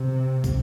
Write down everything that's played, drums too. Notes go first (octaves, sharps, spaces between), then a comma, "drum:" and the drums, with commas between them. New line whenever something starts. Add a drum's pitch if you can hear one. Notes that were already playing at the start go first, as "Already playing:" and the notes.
Already playing: C3
drum: kick, tambourine